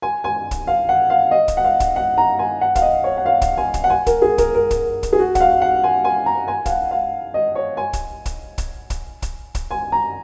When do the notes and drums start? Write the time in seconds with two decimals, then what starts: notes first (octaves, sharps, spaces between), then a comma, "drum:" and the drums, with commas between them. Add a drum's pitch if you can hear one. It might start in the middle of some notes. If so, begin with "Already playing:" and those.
0.02 G#5
0.24 G#5
0.51 drum: kick, hi-hat
0.67 F5
0.89 F#5
1.10 F5
1.31 D#5
1.48 drum: kick, hi-hat
1.57 F#5
1.64 F5
1.80 drum: kick, hi-hat
1.96 F#5
2.18 A#5
2.39 G#5
2.61 F#5
2.75 F5, drum: kick, hi-hat
2.82 D#5
3.04 C#5
3.17 F#5
3.26 F5
3.42 drum: kick, hi-hat
3.57 G#5
3.74 drum: kick, hi-hat
3.84 F#5
3.90 G#5
4.06 A#4, drum: kick, hi-hat
4.22 G#4
4.38 A#4, drum: kick, hi-hat
4.54 A#4
4.71 drum: kick, hi-hat
5.03 drum: kick, hi-hat
5.13 G#4
5.19 F#4
5.35 F#5, drum: kick, hi-hat
5.41 F5
5.61 F#5
5.83 G#5
6.04 G#5
6.26 A#5
6.48 G#5
6.66 F5, drum: kick, hi-hat
6.69 F#5
6.91 F5
7.34 D#5
7.55 C#5
7.77 G#5
7.93 drum: kick, hi-hat
8.26 drum: kick, hi-hat
8.58 drum: kick, hi-hat
8.90 drum: kick, hi-hat
9.22 drum: kick, hi-hat
9.55 drum: kick, hi-hat
9.71 G#5
9.92 A#5